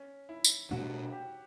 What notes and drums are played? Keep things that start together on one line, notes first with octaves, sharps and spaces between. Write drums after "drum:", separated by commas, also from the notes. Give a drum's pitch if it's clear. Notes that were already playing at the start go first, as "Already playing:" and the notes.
Already playing: C#4
E4
drum: tambourine
B2 A3 D4 F#4
G4